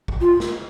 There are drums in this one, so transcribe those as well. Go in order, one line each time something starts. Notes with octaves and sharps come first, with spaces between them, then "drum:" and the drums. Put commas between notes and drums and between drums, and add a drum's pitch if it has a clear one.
drum: kick
F4
drum: snare